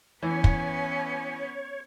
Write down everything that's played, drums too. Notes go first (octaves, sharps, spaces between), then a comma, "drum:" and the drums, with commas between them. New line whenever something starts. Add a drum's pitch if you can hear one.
E3 B3 C#4 C#5 G#5
drum: kick